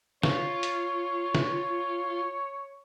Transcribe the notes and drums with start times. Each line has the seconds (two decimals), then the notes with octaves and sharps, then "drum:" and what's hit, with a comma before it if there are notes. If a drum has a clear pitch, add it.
0.23 F4 C#5, drum: snare
0.63 drum: hi-hat
1.35 drum: snare